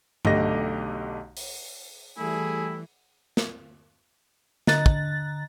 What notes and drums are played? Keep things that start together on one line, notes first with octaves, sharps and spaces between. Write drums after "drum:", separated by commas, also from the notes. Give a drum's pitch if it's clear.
B1 D3 A3 G4 D#5 A#6, drum: tom G2
drum: open hi-hat
E3 G3 A3 E4 G#4
drum: snare
D3 D#5 A#5 F#6 A6, drum: snare
drum: kick